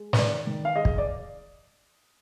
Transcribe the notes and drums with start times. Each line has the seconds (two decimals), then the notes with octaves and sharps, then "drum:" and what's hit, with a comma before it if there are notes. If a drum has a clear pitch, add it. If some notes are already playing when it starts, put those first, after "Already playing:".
Already playing: G#3
0.13 B4, drum: snare
0.18 D#3 D5
0.47 D#3
0.65 F5
0.75 G#3 D#5
0.85 drum: kick
0.98 D5